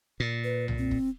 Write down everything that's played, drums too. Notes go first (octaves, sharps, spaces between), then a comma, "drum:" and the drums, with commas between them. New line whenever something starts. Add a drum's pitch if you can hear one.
A#2
B4
drum: tom B1
C4
drum: kick